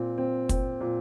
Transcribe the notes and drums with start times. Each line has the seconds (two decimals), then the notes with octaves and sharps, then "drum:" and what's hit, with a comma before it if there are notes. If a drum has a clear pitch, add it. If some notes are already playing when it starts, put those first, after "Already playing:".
Already playing: A#2 C4
0.18 C4
0.49 C4, drum: kick, hi-hat
0.81 A#2